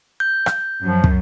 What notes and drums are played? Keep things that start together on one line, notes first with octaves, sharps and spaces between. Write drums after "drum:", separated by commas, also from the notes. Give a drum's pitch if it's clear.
G6
drum: rim click
F#2 F3
drum: kick